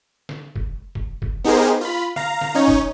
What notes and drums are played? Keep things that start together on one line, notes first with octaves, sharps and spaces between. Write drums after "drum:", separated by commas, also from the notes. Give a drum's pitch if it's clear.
drum: snare
drum: kick
drum: kick
drum: kick
B3 D#4 G4 G#4 A#4 C5
F4 B5
F5 A#5, drum: snare
drum: snare
C#4 D#4 C#5
drum: kick